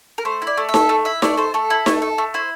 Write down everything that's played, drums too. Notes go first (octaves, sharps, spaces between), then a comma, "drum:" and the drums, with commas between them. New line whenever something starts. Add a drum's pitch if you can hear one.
A#4
A3 C5
E4
D5
A3
E5
A4, drum: snare D#4
A3
E4 E5
A3 D5, drum: snare D#4
A4 C5
A3 A4
E4
A3, drum: snare D#4
A4
A3
E4 C5